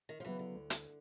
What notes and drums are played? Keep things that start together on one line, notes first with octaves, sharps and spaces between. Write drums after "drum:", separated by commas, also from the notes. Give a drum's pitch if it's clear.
D#3
F3
C#3 E3 F#3 B3
D3
D2
drum: hi-hat